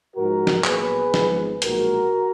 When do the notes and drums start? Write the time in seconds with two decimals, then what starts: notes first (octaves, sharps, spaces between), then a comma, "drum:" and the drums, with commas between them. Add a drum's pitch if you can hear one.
0.15 G#2 F3 G#3 F#4 A#4
0.47 drum: snare
0.64 A#1 A#2 F#3 B3 G#4 B4, drum: clap
1.14 G#1 G#2 F3 G#3 B3, drum: snare
1.62 B1 A#2 F3 G#3 F#4 A#4, drum: hi-hat